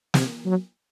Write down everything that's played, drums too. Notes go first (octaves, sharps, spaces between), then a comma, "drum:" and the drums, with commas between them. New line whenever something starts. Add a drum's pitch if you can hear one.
C3, drum: snare
F#3